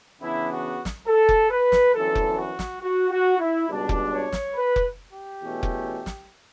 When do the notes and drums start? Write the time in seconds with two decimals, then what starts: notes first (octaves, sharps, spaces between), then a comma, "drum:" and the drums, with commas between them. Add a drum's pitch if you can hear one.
0.20 E2 C#3 E3 B3 D4 E4
0.49 F#4
0.85 drum: snare
1.07 A4
1.29 drum: kick F1
1.50 B4
1.72 drum: snare
1.93 G1 F#2 E3 A4
2.15 drum: kick F1
2.37 F#4
2.59 drum: snare
2.81 F#4
3.10 F#4
3.38 E4
3.68 C#2 B2 G3 D4
3.89 drum: kick F1
4.11 C#5
4.32 drum: snare
4.54 B4
4.76 drum: kick F1
5.12 G4
5.41 E2 B2 A3 C#4
5.63 drum: kick F1
6.06 drum: snare